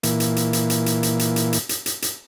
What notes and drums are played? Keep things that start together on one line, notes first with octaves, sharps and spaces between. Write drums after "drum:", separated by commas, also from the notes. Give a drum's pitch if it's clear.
A#2 E3, drum: hi-hat
drum: hi-hat
drum: hi-hat
drum: hi-hat
drum: hi-hat
drum: hi-hat
drum: hi-hat
drum: hi-hat
drum: hi-hat
drum: hi-hat
drum: hi-hat
drum: hi-hat
drum: hi-hat